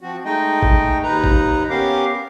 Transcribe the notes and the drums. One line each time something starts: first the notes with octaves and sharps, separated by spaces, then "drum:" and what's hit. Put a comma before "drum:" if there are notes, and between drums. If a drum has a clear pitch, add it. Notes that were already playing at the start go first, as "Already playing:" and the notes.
F3 C4 F#4
G#3 A3 D#4 D#5 G5
drum: kick
D#2 D#4 B4 A#5
drum: kick
B3 C#4 G4 A#4 F5 D6